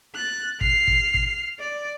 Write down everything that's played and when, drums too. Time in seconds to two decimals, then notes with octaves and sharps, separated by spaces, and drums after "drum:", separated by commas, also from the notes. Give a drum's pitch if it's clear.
0.15 F#6 A6
0.61 F6 C7, drum: kick
0.87 drum: kick
1.14 drum: kick
1.59 D5